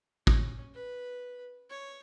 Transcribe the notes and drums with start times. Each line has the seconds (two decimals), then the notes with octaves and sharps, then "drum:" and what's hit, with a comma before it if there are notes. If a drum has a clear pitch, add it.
0.27 C#4, drum: kick
0.74 B4
1.70 C#5